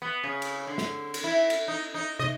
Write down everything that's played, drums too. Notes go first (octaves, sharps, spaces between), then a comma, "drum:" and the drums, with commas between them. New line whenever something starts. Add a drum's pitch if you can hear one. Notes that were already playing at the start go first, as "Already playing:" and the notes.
B3
C#3
drum: cymbal
D3
drum: snare
drum: cymbal
E4
drum: cymbal
D#4
D#4
D#5, drum: tom